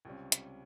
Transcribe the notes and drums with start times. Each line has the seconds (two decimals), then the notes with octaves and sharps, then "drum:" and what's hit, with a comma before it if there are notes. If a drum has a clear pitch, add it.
0.05 C#2 C3 G3 C#4
0.32 drum: hi-hat